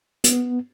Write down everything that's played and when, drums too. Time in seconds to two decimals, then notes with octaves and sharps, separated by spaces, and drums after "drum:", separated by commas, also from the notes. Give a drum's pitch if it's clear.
0.24 B3, drum: hi-hat